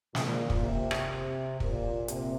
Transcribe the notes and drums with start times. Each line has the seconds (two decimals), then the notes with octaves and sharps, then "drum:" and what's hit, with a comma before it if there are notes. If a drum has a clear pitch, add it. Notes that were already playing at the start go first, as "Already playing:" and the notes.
0.15 A#2, drum: snare
0.50 drum: kick
0.63 C3
0.91 drum: rim click
1.60 A#2, drum: kick
2.08 C3, drum: hi-hat